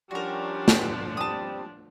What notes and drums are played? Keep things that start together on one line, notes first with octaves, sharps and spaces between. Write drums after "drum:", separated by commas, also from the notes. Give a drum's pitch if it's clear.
F3 G3 C#4 D4 F#4 G4 A#4
drum: snare
G3 C4 G4 A5 D#6